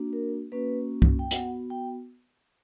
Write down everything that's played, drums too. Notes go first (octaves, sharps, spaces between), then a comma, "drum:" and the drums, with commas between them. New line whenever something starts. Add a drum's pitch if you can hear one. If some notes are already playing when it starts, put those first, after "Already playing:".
Already playing: A#3 D4 F#4
A#4
A#3 C#4 F#4 B4
drum: kick C2
G5
B3 F#4 F#5, drum: hi-hat
G5